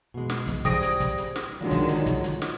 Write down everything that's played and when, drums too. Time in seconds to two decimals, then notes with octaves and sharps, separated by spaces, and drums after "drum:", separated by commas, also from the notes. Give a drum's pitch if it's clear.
0.14 B2 G#3
0.30 drum: snare
0.47 drum: kick, hi-hat
0.65 G3 G#4 C5 G5 D#6 A#6 D7, drum: kick, hi-hat
0.83 drum: hi-hat
1.00 drum: kick, hi-hat
1.18 drum: hi-hat
1.36 drum: snare
1.61 D3 D#3 F3 F#3 G#3
1.71 drum: kick, hi-hat
1.89 drum: hi-hat
2.06 drum: kick, hi-hat
2.24 drum: hi-hat
2.42 drum: snare